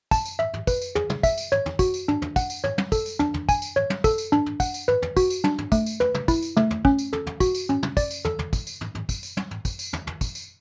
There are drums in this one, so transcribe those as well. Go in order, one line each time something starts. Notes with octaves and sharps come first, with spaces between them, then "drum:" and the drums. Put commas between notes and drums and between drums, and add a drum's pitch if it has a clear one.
A5, drum: kick, tambourine
drum: tambourine
E5, drum: tom
drum: tom
B4, drum: kick, tambourine
drum: tambourine
G#4, drum: tom
drum: tom
E5, drum: kick, tambourine
drum: tambourine
C#5, drum: tom
drum: tom
F#4, drum: kick, tambourine
drum: tambourine
D4, drum: tom
drum: tom
F#5, drum: kick, tambourine
drum: tambourine
C#5, drum: tom
drum: tom
A4, drum: kick, tambourine
drum: tambourine
D4, drum: tom
drum: tom
G#5, drum: kick, tambourine
drum: tambourine
C#5, drum: tom
drum: tom
A4, drum: kick, tambourine
drum: tambourine
D4, drum: tom
drum: tom
F#5, drum: kick, tambourine
drum: tambourine
B4, drum: tom
drum: tom
F#4, drum: kick, tambourine
drum: tambourine
D4, drum: tom
drum: tom
A3, drum: kick, tambourine
drum: tambourine
B4, drum: tom
drum: tom
E4, drum: kick, tambourine
drum: tambourine
A3, drum: tom
drum: tom
C#4, drum: kick
drum: tambourine
A4, drum: tom
drum: tom
F#4, drum: kick, tambourine
drum: tambourine
C#4, drum: tom
drum: tom
D5, drum: kick, tambourine
drum: tambourine
A4, drum: tom
drum: tom
drum: kick, tambourine
drum: tambourine
drum: tom
drum: tom
drum: kick, tambourine
drum: tambourine
drum: tom
drum: tom
drum: kick, tambourine
drum: tambourine
drum: tom
drum: tom
drum: kick, tambourine
drum: tambourine